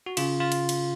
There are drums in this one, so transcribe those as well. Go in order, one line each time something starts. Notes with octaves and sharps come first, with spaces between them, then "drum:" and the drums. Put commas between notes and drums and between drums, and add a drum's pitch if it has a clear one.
F#4
C#3 F4, drum: cymbal
F4
drum: cymbal
drum: cymbal